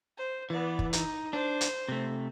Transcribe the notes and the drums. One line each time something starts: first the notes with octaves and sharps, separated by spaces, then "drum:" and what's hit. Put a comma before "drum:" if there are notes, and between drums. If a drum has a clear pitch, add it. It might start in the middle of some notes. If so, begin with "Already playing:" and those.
C5
E3 B3 D5
drum: kick
D#4, drum: hi-hat
D4 C5
drum: hi-hat
C3 A3